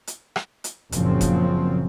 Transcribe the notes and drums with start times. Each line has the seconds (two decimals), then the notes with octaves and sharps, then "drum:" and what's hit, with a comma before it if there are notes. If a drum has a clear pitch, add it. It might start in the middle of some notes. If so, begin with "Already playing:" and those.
0.07 drum: hi-hat
0.36 drum: rim click
0.64 drum: hi-hat
0.92 F#1 A#2 C#3 F3 F#3 C4, drum: hi-hat
1.21 drum: kick F#1, hi-hat